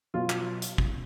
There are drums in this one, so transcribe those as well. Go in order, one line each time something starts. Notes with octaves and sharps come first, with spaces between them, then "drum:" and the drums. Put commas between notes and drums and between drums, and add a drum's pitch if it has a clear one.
B2 F#3 F4
drum: clap
drum: hi-hat
drum: kick